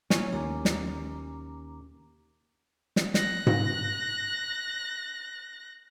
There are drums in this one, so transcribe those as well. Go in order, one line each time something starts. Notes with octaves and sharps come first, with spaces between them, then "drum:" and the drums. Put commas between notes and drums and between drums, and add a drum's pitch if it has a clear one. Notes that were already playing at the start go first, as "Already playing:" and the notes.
A#3 C#4 E4 F4 G#5, drum: snare
D#2 A#5 D6
drum: snare
drum: snare
F#6 A#6, drum: snare
drum: tom G#2